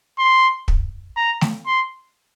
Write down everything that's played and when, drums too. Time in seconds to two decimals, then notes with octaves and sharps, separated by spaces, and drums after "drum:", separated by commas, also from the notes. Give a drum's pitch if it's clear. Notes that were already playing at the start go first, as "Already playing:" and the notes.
0.18 C6
0.68 drum: kick
1.17 A#5
1.41 drum: snare A3
1.66 C6